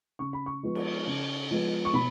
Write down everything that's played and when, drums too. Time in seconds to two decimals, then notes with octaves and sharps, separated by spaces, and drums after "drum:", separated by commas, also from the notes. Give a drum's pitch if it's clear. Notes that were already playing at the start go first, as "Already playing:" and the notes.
0.19 C#3 C#6
0.33 B5
0.46 C#6
0.63 F3 G#3 B3
0.75 drum: cymbal
1.07 C#3
1.51 F3 G#3 B3
1.85 C#6
1.93 B2 B5